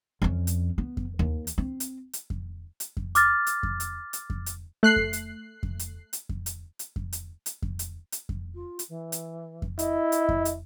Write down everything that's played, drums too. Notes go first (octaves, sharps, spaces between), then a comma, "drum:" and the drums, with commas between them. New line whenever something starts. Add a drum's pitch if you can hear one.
F2 C#4
drum: hi-hat
B3
drum: kick F2
D#2
drum: hi-hat
C4
drum: hi-hat
drum: hi-hat
drum: kick F2
drum: hi-hat
drum: kick F2
D6 F6 A6, drum: hi-hat
drum: hi-hat
drum: kick F2
drum: hi-hat
drum: hi-hat
drum: kick F2
drum: hi-hat
A3 F#6 C7
drum: kick F2
drum: hi-hat
drum: kick F2
drum: hi-hat
drum: hi-hat
drum: kick F2
drum: hi-hat
drum: hi-hat
drum: kick F2
drum: hi-hat
drum: hi-hat
drum: kick F2
drum: hi-hat
drum: hi-hat
drum: kick F2
F4
drum: hi-hat
E3
drum: hi-hat
drum: kick F2
E4 D#5, drum: hi-hat
drum: hi-hat
drum: kick F2
drum: hi-hat